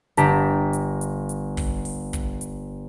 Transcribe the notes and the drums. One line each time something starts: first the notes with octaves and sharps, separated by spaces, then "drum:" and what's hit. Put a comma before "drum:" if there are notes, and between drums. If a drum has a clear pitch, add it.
G1 G4 A5 A#5 B6, drum: hi-hat
drum: hi-hat
drum: hi-hat
drum: hi-hat
drum: kick, open hi-hat
drum: open hi-hat
drum: kick, hi-hat
drum: hi-hat